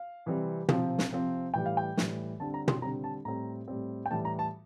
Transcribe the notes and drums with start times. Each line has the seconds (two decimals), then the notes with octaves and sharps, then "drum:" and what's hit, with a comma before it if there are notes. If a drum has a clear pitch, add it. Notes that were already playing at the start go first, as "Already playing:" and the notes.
Already playing: F5
0.26 C3 E3 G3 C4
0.69 C3 F3 C4, drum: tom
0.99 drum: snare
1.11 C3 F3 C4
1.54 A2 E3 G3 G5
1.66 F5
1.77 G5
1.97 A2 E3 G3, drum: snare
2.40 D3 G3 C4 A5
2.54 A#5
2.68 C6, drum: tom
2.82 D3 G3 C4 A#5
3.04 A5
3.25 A2 G3 C4 A#5
3.68 A2 G3 C4
4.06 G5
4.11 A2 E3 G3 A5
4.25 A#5
4.39 A5